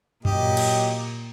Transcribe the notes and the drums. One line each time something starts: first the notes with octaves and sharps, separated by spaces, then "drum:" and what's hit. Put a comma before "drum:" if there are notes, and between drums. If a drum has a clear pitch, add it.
A#2 F#3 G4 D#5, drum: tom F#2
drum: cymbal